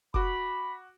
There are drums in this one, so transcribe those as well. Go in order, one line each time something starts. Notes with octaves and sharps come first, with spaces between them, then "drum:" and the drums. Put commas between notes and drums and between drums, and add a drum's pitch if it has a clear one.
F#4 B5 D6, drum: kick F1